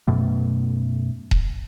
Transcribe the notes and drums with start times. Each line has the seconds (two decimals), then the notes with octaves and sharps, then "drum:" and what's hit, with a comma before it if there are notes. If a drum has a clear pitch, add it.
0.07 F#2 B2 A3
1.31 drum: kick D#1